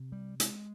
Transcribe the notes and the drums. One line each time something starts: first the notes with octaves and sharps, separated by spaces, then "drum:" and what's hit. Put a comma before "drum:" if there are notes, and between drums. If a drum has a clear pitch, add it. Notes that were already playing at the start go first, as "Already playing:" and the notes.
Already playing: C3
G3
G#3, drum: hi-hat